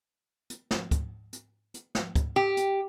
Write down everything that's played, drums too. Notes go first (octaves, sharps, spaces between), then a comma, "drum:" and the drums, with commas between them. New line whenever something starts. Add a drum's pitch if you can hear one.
drum: hi-hat
drum: snare
drum: kick, hi-hat
drum: hi-hat
drum: hi-hat
drum: snare
drum: kick, hi-hat
G4
drum: hi-hat